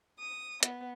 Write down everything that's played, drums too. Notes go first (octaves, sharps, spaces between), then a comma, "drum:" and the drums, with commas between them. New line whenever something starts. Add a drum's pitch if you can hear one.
D#6
B3, drum: hi-hat